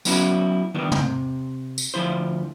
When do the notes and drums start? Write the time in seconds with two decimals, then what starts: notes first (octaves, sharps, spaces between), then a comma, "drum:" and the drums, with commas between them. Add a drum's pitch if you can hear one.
0.05 F#3 B3 C#4 E4 F#4, drum: tambourine
0.75 D#3 E3 G3 B3 D4
0.92 C3, drum: tom
1.78 drum: tambourine
1.94 D2 F3 E4 C5